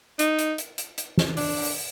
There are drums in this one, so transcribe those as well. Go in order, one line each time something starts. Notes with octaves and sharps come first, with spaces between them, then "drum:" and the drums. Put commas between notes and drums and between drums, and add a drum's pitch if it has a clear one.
D#4, drum: hi-hat
drum: hi-hat
drum: hi-hat
drum: hi-hat
drum: hi-hat
drum: snare
D4, drum: open hi-hat
drum: open hi-hat